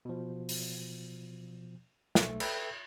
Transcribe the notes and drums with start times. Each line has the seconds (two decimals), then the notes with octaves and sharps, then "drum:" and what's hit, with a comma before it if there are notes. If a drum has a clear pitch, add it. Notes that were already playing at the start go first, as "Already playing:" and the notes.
0.05 B2 F3
0.49 drum: open hi-hat
2.15 B1 A3, drum: snare
2.40 A4 B4 E5 G5, drum: cymbal